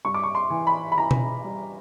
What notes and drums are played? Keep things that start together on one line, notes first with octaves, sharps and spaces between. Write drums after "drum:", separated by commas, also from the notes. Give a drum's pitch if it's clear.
G2 C#6
D6
C#6
C6
E3
B5
B5
E3 A#5
drum: tom B2
G3